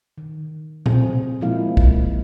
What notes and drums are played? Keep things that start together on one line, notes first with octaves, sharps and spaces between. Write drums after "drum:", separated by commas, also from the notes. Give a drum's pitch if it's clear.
D#3
C4 G#4, drum: tom A#2
A#2 F3 G#3 A#3 E4 F5
drum: kick